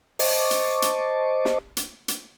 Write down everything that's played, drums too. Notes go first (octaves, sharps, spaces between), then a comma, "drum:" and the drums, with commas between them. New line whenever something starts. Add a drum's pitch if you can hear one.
C5 D#5 A5 C#6 D6, drum: open hi-hat
drum: hi-hat
drum: hi-hat
drum: snare
drum: hi-hat
drum: hi-hat